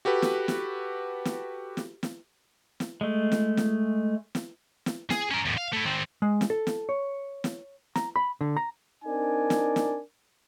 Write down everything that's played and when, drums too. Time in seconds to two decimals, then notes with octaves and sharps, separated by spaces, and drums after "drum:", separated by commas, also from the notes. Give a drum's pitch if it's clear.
0.05 F#4 G4 A4 B4
0.22 drum: snare
0.48 drum: snare
1.25 drum: snare
1.77 drum: snare
2.03 drum: snare
2.80 drum: snare
3.01 G#3 A3
3.32 drum: snare
3.57 drum: snare
4.35 drum: snare
4.86 drum: snare
5.10 G#4, drum: snare
5.31 C#4 A#4
5.46 E2 A2
5.57 F5
5.72 A3 E4
5.85 D#3 C4
6.22 G#3
6.41 drum: snare
6.50 A4
6.67 drum: snare
6.89 C#5
7.44 drum: snare
7.96 A#5, drum: snare
8.16 B5
8.41 D3
8.57 A#5
9.05 C4 D4 D#4 A#4 D5 G#5
9.50 drum: snare
9.76 drum: snare